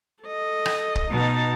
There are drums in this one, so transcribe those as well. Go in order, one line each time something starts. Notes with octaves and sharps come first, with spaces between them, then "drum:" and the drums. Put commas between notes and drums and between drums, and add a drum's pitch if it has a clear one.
A4 D#5
drum: rim click
drum: kick
B2 D#4 A5